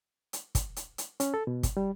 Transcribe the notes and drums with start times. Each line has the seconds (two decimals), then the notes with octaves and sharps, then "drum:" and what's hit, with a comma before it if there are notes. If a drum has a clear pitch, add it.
0.33 drum: hi-hat
0.55 drum: kick, hi-hat
0.76 drum: hi-hat
0.98 drum: hi-hat
1.20 C#4, drum: hi-hat
1.34 A4
1.47 B2
1.63 drum: kick, hi-hat
1.77 G3